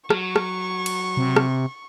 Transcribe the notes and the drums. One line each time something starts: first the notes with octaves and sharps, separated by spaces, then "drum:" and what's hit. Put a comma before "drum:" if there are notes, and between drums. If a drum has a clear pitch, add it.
F#3 C#6, drum: rim click
drum: rim click
drum: cymbal
C3
drum: rim click